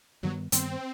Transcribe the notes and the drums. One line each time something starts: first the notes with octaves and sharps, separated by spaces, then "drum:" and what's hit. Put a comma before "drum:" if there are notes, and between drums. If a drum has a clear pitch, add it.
G2 D#3 F#3 G3 B3
G2 D#3 G3 B3 C4, drum: hi-hat